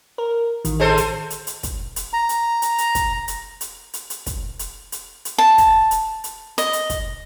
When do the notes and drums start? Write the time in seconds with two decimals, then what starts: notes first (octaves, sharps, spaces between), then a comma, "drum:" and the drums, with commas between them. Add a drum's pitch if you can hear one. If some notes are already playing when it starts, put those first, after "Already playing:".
0.18 A#4
0.65 A1 D#3, drum: hi-hat
0.80 G#3 A4 C5
0.97 drum: hi-hat
1.30 drum: hi-hat
1.47 drum: hi-hat
1.63 drum: kick, hi-hat
1.96 drum: hi-hat
2.13 A#5
2.29 drum: hi-hat
2.62 drum: hi-hat
2.78 drum: hi-hat
2.95 drum: kick, hi-hat
3.28 drum: hi-hat
3.61 drum: hi-hat
3.94 drum: hi-hat
4.10 drum: hi-hat
4.26 drum: kick, hi-hat
4.59 drum: hi-hat
4.92 drum: hi-hat
5.25 drum: hi-hat
5.38 A5
5.58 drum: kick, hi-hat
5.91 drum: hi-hat
6.24 drum: hi-hat
6.58 D#5, drum: hi-hat
6.73 drum: hi-hat
6.90 drum: kick, hi-hat